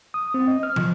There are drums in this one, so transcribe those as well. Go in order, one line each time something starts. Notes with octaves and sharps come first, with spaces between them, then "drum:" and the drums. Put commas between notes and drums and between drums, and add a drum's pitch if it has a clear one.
D#6
C4
D#5
F6
F3, drum: tom